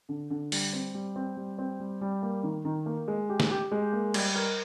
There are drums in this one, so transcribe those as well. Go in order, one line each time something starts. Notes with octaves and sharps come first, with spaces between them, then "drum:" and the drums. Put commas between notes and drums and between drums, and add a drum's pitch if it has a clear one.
D3
D3
G3, drum: open hi-hat
C4
G3
C4
G3
C4
G3
G3
A#3
D#3
D#3
A#3
G#3
G4
drum: snare
G4
G#3
A#3
G3, drum: cymbal
A#4